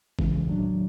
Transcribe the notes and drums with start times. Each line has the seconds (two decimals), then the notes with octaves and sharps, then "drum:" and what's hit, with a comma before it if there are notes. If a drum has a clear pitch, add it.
0.19 C#3 E3 G#3, drum: kick F#1
0.47 D#2 A2 D#3 F#3 D4